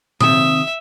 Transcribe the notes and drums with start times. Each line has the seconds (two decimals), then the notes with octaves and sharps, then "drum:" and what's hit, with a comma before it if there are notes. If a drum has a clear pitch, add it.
0.21 D#2 C3 E5 D#6, drum: tom A#2